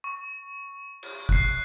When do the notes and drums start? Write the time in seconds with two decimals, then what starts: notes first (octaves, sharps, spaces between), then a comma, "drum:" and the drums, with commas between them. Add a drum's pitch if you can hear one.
0.04 C#6
1.03 drum: cymbal
1.29 F#6 C7, drum: kick